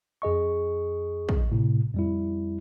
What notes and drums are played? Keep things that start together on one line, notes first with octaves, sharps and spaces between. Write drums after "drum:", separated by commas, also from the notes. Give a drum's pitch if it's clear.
F2 G#4 D#5 C#6
drum: kick
A2 C3
F2 G3 E4